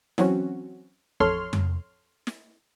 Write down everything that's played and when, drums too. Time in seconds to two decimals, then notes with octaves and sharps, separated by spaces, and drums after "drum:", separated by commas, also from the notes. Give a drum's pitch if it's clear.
0.18 E3 F#3 C4 C#4 F#4, drum: snare
1.20 A1 F2 A4 C#5 C6 F6
1.53 drum: tom F2
2.27 drum: snare